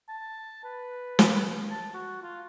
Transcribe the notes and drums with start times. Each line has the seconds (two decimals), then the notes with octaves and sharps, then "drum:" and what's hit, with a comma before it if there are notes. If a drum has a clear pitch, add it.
0.08 A5
0.64 B4
1.19 drum: snare
1.71 A5
1.93 F#4
2.22 F4